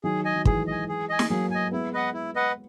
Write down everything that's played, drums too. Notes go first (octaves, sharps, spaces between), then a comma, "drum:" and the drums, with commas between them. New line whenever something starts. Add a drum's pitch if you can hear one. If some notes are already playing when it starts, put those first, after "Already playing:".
D#3 F#3 G#4
D#5 G#5
F#3
E3 G#3 G#4, drum: kick
D#5 G#5
G#4
D#5 G#5
drum: snare
F#3 A#3 G#4
D#5 G#5
G#3 B3 E4
B4 D#5 F#5
E4
B4 D#5 F#5